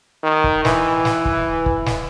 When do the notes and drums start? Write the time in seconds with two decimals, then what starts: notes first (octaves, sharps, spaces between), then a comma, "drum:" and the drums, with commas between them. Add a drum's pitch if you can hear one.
0.23 D#3
0.44 drum: kick
0.65 E3, drum: snare
1.05 drum: snare
1.25 drum: kick
1.66 drum: kick
1.86 drum: snare